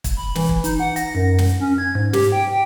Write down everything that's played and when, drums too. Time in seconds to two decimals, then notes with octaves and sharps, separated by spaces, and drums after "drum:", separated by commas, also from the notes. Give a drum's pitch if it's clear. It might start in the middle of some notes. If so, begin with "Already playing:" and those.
0.04 drum: kick, hi-hat
0.17 B5
0.35 E3, drum: snare
0.49 drum: kick
0.64 D#4, drum: hi-hat
0.80 F#5
0.96 A#6, drum: hi-hat
1.15 F#2
1.38 drum: snare
1.60 C#4
1.78 G#6
1.95 G#2
2.13 G4, drum: snare
2.32 G5
2.51 G5